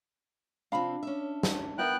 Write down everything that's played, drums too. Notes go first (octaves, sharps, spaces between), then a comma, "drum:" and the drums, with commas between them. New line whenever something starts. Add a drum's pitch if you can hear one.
C3 F3 C4 D4 F5 B5
C#4 E5
drum: snare
B3 E4 A#4 E5 G5 F#6